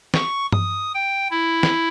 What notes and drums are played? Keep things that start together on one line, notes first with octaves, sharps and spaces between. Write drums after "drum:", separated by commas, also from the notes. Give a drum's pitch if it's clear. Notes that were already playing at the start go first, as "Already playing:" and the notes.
C#6, drum: snare
D#6, drum: tom G2
G5
E4
drum: snare